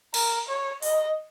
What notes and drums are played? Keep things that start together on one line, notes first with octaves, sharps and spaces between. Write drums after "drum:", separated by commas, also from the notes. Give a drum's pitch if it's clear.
A#4, drum: cymbal
C#5
D#5, drum: open hi-hat